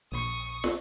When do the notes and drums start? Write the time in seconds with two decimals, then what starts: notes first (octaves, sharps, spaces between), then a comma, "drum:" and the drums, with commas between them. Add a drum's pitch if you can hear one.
0.12 A#1 C#6 D#6
0.64 drum: snare